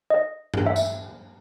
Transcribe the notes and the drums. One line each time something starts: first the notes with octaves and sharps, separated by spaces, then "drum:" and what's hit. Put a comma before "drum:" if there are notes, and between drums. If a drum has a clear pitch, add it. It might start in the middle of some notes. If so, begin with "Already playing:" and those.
D#5
drum: tom G2
E5
drum: tambourine